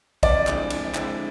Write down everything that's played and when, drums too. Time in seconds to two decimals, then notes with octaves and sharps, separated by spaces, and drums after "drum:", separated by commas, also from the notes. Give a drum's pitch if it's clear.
0.23 F2 D5, drum: kick A#1, cymbal
0.47 D3 G#3 C4 E4, drum: clap
0.70 F2, drum: cymbal
0.95 D3 G#3 C4 E4, drum: clap